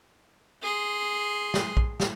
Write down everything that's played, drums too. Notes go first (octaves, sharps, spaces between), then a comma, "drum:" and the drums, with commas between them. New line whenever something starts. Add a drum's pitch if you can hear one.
G#4 C6
drum: snare
drum: kick A#1
drum: snare